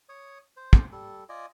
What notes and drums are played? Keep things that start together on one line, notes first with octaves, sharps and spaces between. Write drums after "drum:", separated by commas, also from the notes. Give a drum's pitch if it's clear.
C#5 D#6
C5
drum: kick
G3 A4
F4 D5 D#5 G#5